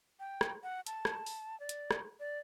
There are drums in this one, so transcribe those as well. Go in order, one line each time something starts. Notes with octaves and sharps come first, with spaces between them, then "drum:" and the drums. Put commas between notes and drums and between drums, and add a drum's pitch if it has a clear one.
G5
drum: rim click
F#5
A5, drum: hi-hat
drum: rim click
drum: open hi-hat
D5
drum: hi-hat
drum: rim click
D5